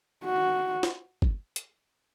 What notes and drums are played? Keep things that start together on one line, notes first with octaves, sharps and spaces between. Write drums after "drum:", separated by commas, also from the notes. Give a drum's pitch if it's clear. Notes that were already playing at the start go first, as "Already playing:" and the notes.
F#4
drum: snare
drum: kick G1
drum: hi-hat